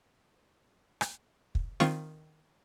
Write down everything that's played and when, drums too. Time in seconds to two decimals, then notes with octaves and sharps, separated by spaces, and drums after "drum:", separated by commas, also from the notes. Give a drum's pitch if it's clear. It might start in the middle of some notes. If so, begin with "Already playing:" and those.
1.01 drum: rim click
1.55 drum: kick
1.80 D#3 C4 F4 C#6, drum: snare